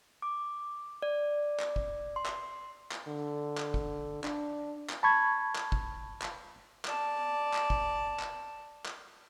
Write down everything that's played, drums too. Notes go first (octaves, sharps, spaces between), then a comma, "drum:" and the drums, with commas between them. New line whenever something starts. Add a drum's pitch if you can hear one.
D6
D5
drum: clap
drum: kick
C6
drum: clap
drum: clap
D3
drum: clap
drum: kick
D4, drum: clap
drum: clap
A5 B5 C#6 G#6
drum: clap
drum: kick
drum: clap
D5 A5, drum: clap
drum: clap
drum: kick
drum: clap
drum: clap